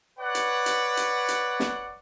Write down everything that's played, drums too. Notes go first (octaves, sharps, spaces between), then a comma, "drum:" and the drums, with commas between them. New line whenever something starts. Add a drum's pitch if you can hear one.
B4 C#5 D5 F#5
drum: hi-hat
drum: hi-hat
drum: hi-hat
drum: hi-hat
drum: snare